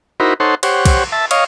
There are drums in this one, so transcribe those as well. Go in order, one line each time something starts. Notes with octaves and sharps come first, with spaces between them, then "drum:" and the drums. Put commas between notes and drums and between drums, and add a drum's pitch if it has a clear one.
D#4 E4 F#4 A#4 C5 B5
D#4 A4 C5 C#5 F#5 C6
G4 C5 C#5 F#5, drum: cymbal
drum: kick, cymbal
E5 A5
C#5 D#5 F5, drum: cymbal